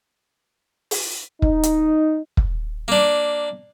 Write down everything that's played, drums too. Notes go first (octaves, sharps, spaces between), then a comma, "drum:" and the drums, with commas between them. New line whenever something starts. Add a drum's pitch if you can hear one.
drum: open hi-hat
D#4, drum: kick
drum: hi-hat
drum: kick
A#3 D4